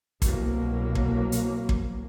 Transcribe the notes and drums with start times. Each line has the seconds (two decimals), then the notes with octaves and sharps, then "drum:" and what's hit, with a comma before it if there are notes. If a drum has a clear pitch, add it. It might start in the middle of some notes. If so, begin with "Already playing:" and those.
0.22 C2 B2 F#3 A#3, drum: kick, hi-hat
0.95 drum: kick
1.32 drum: hi-hat
1.69 drum: kick